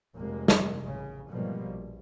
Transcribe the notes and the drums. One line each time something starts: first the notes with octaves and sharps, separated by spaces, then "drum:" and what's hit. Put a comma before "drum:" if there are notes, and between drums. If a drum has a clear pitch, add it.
F1 F2 C3 G#3 A#3
drum: snare
A1 C#3
G#2 B2 F3 G3 A#3
A#1